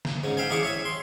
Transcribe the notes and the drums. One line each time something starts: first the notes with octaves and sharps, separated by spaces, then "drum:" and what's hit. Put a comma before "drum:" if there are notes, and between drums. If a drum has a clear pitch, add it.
drum: snare
G#2 C#4
E5 F5 G5 G#5
D4 E4 G#4 C#6 D6
C#5 E5 G#5
C6